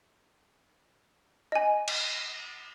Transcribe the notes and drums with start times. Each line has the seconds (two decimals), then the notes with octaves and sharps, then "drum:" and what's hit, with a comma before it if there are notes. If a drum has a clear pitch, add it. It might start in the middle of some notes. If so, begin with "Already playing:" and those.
1.52 D#5 G#5
1.88 drum: cymbal